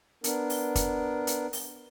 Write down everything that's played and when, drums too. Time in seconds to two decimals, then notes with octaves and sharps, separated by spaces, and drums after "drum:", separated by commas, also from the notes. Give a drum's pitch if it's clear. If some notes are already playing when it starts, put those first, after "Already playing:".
0.24 B3 D4 A#4, drum: hi-hat
0.50 drum: open hi-hat
0.75 drum: kick, hi-hat
1.27 drum: hi-hat
1.53 drum: open hi-hat